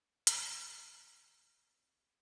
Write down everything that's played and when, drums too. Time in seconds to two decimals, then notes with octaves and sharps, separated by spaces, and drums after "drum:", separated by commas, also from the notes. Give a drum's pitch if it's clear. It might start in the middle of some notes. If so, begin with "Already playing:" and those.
0.27 E2, drum: hi-hat
0.57 F#1 B2
0.86 C#3
1.13 F#3 B3
1.34 C2 C4